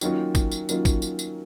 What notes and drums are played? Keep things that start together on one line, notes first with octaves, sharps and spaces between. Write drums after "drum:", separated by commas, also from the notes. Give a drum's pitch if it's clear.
D#3 F#3 A#3 C#4 F4, drum: tambourine
drum: kick, tambourine
drum: tambourine
D#3 F#3 A#3 C#4 F4, drum: tambourine
drum: kick, tambourine
drum: tambourine
drum: tambourine